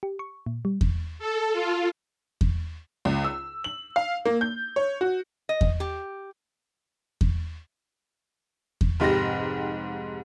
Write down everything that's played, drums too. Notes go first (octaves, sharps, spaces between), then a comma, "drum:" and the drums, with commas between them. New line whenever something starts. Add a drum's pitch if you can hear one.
G4
C#6
A#2
G3
drum: kick E2
A4
F4
drum: kick E2
C#2
E6
F#7
F5
A#3
G6
C#5
F#4
D#5
drum: kick E2
G4
drum: kick E2
drum: kick E2
F1 G#2 G4 A#6